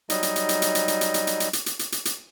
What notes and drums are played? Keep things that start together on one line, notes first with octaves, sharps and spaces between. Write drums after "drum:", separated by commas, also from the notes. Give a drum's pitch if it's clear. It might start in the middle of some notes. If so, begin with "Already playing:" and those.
F#3 G3 D#4 D#5, drum: hi-hat
drum: hi-hat
drum: hi-hat
drum: hi-hat
drum: hi-hat
drum: hi-hat
drum: hi-hat
drum: hi-hat
drum: hi-hat
drum: hi-hat
drum: hi-hat
drum: hi-hat
drum: hi-hat
drum: hi-hat
drum: hi-hat
drum: hi-hat